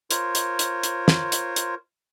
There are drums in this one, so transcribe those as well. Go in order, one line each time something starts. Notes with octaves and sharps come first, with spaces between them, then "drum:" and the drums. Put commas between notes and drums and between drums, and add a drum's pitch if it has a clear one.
F4 A#4 C5 C#5, drum: hi-hat
drum: hi-hat
drum: hi-hat
drum: hi-hat
drum: snare
drum: hi-hat
drum: hi-hat